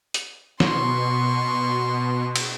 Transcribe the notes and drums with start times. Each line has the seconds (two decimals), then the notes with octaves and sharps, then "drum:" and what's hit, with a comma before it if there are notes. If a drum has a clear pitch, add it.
0.14 drum: hi-hat
0.60 B2 C6 C#6, drum: snare
2.36 drum: cymbal